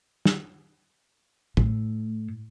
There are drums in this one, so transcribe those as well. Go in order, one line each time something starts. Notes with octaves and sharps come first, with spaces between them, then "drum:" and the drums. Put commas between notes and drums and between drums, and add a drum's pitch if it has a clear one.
drum: snare
A2, drum: kick